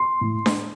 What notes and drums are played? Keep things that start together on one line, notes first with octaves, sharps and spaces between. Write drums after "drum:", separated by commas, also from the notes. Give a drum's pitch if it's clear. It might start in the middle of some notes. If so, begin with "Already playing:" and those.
Already playing: C6
A2
drum: snare D4